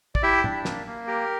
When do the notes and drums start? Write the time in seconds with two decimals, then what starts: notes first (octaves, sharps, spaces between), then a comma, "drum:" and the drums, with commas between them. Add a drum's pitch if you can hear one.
0.15 D5, drum: kick
0.23 E4 G4 E5
0.44 D4, drum: tom
0.65 A#3, drum: snare
0.87 A#3
1.07 G4 A#4